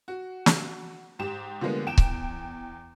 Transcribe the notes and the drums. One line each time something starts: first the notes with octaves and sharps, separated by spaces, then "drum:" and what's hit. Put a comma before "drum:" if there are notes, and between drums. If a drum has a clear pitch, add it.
F#4
drum: snare
G#2 G4 E7
D3 F3 G3 G#3 A#3 B3
E2 G5 D7 E7
drum: kick C#1